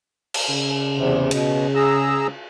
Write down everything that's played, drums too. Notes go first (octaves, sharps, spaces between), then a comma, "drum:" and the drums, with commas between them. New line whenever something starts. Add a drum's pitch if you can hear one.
drum: cymbal
C#3
E2 C3
B2, drum: cymbal
G#4 A#5 E6